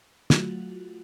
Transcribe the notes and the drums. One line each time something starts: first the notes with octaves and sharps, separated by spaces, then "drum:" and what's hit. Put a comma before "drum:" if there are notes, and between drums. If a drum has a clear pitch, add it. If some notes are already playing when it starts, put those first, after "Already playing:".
F#3 A3 F4 F#4, drum: snare